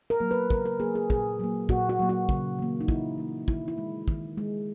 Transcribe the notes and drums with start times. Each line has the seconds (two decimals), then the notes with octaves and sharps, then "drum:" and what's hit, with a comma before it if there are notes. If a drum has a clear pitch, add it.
0.10 A#4
0.20 F#3 A#3
0.31 B4
0.50 C#3 A#4, drum: kick
0.66 A#4
0.80 F#3 A#3 G#4
0.95 G#4
1.10 A#2 G#4, drum: kick
1.40 F#3 A#3
1.69 A#2 F#4, drum: kick
1.89 F#4
1.99 F#3 A#3
2.09 F#4
2.29 C#3, drum: kick
2.59 E3 A#3
2.81 D#4
2.88 C#3 E4, drum: kick
3.18 E3 A#3
3.48 D#3 E4, drum: kick
3.68 E4
3.78 G#3
4.08 D#3, drum: kick
4.38 G#3